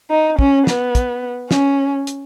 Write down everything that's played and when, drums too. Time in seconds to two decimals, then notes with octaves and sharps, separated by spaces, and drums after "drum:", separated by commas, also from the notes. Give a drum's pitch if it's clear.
0.10 D#4
0.39 C#4, drum: kick
0.67 B3, drum: snare
0.95 drum: kick, hi-hat
1.51 C#4, drum: snare
2.07 drum: hi-hat